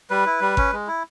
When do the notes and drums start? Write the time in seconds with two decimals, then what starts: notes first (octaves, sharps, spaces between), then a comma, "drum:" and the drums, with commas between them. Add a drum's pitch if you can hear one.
0.10 G3 B4
0.26 E4
0.41 G3
0.57 C#4, drum: kick G#1
0.72 G#3
0.87 E4